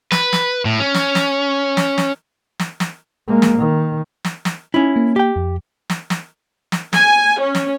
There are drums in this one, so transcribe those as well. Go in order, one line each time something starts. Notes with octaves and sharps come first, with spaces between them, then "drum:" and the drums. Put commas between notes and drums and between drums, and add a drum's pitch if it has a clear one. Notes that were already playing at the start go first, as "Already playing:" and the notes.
B4, drum: snare
drum: snare
A2
C#4
drum: snare
drum: snare
drum: snare
drum: snare
drum: snare
drum: snare
G#3 A#3
drum: snare
D#3
drum: snare
drum: snare
C#4 D#4 E4
A#3
G4 G5
F2
drum: snare
drum: snare
drum: snare
G#5, drum: snare
C#4
drum: snare